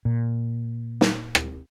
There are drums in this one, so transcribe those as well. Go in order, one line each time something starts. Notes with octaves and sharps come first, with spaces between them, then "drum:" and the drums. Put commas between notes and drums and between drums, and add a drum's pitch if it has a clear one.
A#2
drum: snare
drum: rim click